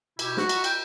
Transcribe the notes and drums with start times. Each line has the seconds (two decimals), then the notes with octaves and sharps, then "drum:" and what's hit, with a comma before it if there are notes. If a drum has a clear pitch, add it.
0.19 B2 E4 G4, drum: cymbal
0.37 F#4, drum: snare
0.49 drum: cymbal
0.64 G5, drum: cymbal